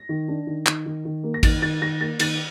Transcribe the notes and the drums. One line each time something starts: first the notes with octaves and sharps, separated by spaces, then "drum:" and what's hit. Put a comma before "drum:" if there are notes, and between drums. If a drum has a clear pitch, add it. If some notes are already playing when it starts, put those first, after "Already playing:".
Already playing: A#6
D#3
D4
D#3
D#3, drum: clap
D#3
D#3
A#3
A#6
D#3 A6, drum: kick A1, cymbal
D#3 A6
D#3 A#6
A#3 A6
D#3 A6, drum: cymbal